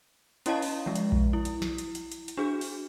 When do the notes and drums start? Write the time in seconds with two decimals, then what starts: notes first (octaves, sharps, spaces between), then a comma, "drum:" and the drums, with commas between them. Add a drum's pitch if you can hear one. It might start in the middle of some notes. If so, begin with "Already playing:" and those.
0.46 C#4 E4 C#5 D#5 F5 A5, drum: hi-hat
0.62 drum: open hi-hat
0.86 F3 G#3
0.96 drum: hi-hat
1.12 drum: kick A#1
1.33 E4
1.45 drum: hi-hat
1.62 drum: snare
1.78 drum: hi-hat
1.95 drum: hi-hat
2.12 drum: hi-hat
2.28 drum: hi-hat
2.37 D4 F#4 G#4
2.61 drum: open hi-hat